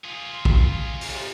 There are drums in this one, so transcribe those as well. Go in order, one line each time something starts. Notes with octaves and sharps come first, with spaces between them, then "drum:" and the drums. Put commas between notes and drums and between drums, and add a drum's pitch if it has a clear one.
F4 G#4
drum: kick
drum: open hi-hat